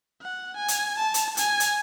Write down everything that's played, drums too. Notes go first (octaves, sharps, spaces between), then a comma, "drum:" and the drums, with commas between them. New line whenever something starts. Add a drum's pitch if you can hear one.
F#5
G#5
drum: hi-hat
A5
drum: hi-hat
G#5, drum: hi-hat
drum: hi-hat